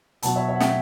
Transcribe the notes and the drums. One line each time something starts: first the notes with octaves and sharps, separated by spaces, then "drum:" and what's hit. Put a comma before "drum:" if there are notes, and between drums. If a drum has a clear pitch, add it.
B2 F#3 F#5 A5, drum: hi-hat
C#5 E5
C#5 E5
F#5
E5 G5, drum: snare